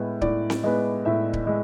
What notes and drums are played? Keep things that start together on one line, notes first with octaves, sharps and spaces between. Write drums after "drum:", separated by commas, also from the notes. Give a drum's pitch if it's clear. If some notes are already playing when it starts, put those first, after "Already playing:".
Already playing: A2 G#3 B3
A2 D5, drum: kick D1
drum: snare C4
G#3 B3
A2 E5
drum: kick D1
G#3